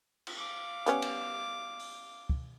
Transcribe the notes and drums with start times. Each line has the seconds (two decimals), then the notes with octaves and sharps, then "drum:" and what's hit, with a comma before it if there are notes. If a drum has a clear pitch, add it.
0.27 drum: cymbal
0.37 F5 D6
0.86 G3 B3 C#4, drum: hi-hat
1.02 drum: cymbal
1.79 drum: open hi-hat
2.29 drum: kick